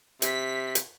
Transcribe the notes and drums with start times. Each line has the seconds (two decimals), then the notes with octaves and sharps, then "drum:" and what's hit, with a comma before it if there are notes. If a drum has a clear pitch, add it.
0.22 C3 B6, drum: hi-hat
0.75 drum: hi-hat